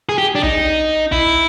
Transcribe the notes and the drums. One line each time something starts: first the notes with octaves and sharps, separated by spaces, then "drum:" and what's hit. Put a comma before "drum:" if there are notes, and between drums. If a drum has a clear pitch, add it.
G#4
G4
D4
D#4, drum: kick
E4, drum: kick